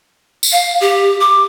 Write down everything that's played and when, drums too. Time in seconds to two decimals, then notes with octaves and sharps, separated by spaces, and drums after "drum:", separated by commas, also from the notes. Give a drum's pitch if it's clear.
0.43 drum: tambourine
0.52 F5
0.81 G4
1.20 D6